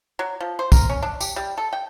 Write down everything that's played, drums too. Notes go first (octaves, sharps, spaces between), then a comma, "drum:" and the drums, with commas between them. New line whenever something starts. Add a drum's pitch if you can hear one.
F#3
F3
C5
A#4, drum: kick, tambourine
C#4
D4
G4, drum: tambourine
G3
A4
G5